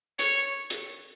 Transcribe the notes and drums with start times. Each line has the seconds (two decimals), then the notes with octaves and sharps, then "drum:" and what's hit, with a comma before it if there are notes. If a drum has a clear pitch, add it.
0.19 C#5, drum: hi-hat
0.70 drum: hi-hat